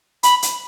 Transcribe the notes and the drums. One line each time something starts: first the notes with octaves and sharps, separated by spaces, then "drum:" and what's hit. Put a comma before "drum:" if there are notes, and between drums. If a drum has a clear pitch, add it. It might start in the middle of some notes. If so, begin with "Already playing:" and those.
B5, drum: hi-hat
drum: hi-hat